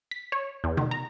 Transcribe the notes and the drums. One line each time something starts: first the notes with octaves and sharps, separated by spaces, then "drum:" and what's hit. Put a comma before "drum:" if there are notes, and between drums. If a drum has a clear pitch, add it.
B6
C#5
E2
D#3, drum: tom B2
A#5